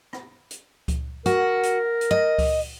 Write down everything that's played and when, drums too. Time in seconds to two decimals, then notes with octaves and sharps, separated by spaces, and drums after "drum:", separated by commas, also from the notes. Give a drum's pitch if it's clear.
0.13 drum: rim click
0.51 drum: hi-hat
0.88 drum: kick C#2, hi-hat
1.26 F#4 A#4, drum: hi-hat
1.63 drum: hi-hat
2.01 drum: hi-hat
2.11 D#5
2.39 drum: kick C#2, open hi-hat